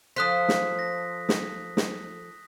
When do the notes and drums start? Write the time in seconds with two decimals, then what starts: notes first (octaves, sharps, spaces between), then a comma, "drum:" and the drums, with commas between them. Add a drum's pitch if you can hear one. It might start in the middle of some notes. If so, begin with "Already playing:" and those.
0.16 F3 A4 C5 D#6 F#6 B6
0.49 drum: snare
0.79 A#6
1.29 drum: snare
1.77 drum: snare